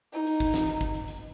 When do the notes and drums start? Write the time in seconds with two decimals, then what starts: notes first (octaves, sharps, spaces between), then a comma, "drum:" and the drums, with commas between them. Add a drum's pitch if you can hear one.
0.13 D#4
0.27 drum: hi-hat
0.40 drum: kick, open hi-hat
0.54 drum: snare
0.67 drum: hi-hat
0.81 drum: kick, hi-hat
0.94 drum: hi-hat
1.08 drum: hi-hat